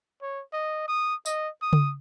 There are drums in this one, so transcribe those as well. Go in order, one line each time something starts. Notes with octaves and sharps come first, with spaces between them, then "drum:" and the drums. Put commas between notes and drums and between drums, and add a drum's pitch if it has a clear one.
C#5
D#5
D#6
D#5, drum: tambourine
D#6
drum: tom C#3